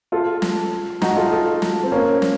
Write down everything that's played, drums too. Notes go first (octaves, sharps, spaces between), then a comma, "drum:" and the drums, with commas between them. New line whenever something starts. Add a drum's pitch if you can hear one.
F4 A4
drum: snare
D#4 F#4, drum: snare
F4 A4
F4 A4
drum: snare
C4
A#3 C#4
drum: snare